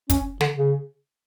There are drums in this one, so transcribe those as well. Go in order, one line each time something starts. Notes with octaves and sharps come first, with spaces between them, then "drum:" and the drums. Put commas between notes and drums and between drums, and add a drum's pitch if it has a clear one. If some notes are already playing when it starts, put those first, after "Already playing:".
C#4, drum: kick, hi-hat
D3, drum: snare
C#3